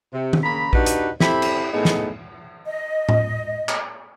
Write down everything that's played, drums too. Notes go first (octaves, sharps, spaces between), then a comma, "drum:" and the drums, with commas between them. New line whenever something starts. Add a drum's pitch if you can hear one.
C3
drum: tom D#3
C#3 A#3 G#4 A#5 B5
D4 D#4 F#4 G4 B4, drum: kick A#1
drum: hi-hat
C4 E4 G4 A4 B5, drum: snare
drum: cymbal
A2 B3 D#4 G#4
drum: snare
D#5
drum: tom A2
drum: clap